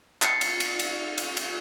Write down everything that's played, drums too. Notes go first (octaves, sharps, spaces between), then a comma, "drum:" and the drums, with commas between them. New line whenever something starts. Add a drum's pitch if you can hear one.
A6 C7 C#7, drum: clap
drum: cymbal
drum: cymbal
drum: cymbal
drum: cymbal
drum: cymbal